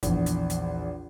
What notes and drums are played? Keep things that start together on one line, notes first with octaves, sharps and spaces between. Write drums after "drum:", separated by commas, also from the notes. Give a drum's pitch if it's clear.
A#1 E2, drum: kick, hi-hat
drum: hi-hat
drum: hi-hat